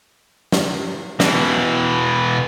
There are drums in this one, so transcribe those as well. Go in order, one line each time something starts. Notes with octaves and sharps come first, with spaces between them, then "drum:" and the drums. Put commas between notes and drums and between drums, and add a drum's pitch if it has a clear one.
drum: snare
B2 E3, drum: snare